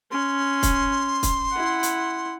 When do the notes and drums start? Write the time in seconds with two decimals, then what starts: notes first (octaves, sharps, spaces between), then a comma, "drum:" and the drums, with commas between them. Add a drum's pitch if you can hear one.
0.11 C#4 C6
0.63 drum: kick, hi-hat
1.23 drum: kick, hi-hat
1.53 E4 F#5
1.83 drum: hi-hat